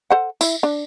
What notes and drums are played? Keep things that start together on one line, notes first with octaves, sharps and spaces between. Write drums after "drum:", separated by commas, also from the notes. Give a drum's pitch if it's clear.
A4 C5 F#5
E4 E5, drum: tambourine
D4